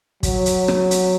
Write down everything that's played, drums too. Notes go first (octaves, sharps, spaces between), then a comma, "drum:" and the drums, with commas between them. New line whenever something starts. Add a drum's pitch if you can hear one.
F#3, drum: kick, hi-hat
drum: hi-hat
drum: rim click
drum: hi-hat